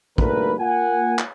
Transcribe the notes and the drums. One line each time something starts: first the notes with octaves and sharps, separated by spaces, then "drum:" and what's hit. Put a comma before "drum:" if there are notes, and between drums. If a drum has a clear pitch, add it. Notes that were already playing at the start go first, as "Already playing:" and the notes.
D2 G3 A#3 D#4 A#4 B4, drum: kick
A#3 F4 F#5 G#5
drum: clap